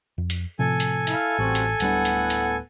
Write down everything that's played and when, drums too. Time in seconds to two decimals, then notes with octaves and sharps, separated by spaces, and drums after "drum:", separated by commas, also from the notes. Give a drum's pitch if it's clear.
0.18 F2
0.30 drum: hi-hat
0.59 A2 C3 F3 A4 G#5
0.80 drum: hi-hat
1.07 E4 F5, drum: hi-hat
1.39 A1 G3 C4 F#4
1.55 drum: hi-hat
1.80 D1 A2 G3 B3 D4 F#5, drum: hi-hat
2.05 drum: hi-hat
2.30 drum: hi-hat